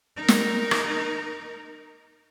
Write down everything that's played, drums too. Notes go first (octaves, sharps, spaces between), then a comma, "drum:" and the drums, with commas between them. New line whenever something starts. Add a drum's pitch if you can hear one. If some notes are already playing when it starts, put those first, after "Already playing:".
D#4 A#4
drum: snare
drum: rim click